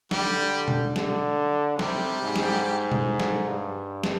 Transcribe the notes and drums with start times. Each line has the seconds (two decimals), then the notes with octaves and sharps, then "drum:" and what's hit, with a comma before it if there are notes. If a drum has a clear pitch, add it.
0.11 D3 G3 G4, drum: snare
0.68 drum: tom B2
0.96 D3, drum: snare
1.79 C3 G3 G4, drum: snare
2.22 G#2
2.36 drum: snare
2.92 drum: tom B2
3.20 drum: snare
3.48 G2
4.04 drum: snare